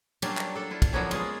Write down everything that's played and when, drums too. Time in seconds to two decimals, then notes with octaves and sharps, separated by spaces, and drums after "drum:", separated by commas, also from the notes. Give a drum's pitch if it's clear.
0.22 F#3 G3 A#3 C#4 D4 F4, drum: cymbal
0.37 drum: clap
0.55 D4 A4
0.71 E4 F4
0.82 drum: kick, cymbal
0.93 D3 F3 F#3 A#3 B3 C#4
1.11 G#3 A#3 B3 F4 G#4, drum: cymbal